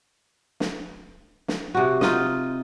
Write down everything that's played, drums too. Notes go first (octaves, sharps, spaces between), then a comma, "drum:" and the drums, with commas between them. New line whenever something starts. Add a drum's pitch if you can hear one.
drum: snare
drum: snare
C3 F#4
D#4 F4 D#5, drum: snare